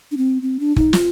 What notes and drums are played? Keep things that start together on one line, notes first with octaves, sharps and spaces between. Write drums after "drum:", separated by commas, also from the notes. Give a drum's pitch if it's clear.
D4
C4
C4
D4
D#4, drum: kick
F4, drum: snare